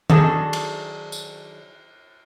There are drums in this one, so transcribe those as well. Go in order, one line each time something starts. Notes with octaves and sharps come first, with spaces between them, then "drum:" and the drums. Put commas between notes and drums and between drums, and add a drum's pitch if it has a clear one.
D#3 F#3 D4 G#4 A4, drum: tom D#3
drum: cymbal
drum: tambourine